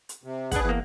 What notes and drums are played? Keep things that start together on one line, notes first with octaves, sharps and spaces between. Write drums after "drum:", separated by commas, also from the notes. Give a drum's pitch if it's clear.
drum: hi-hat
C3
D4 G#4 B4 F#5, drum: kick, hi-hat
E2 A#3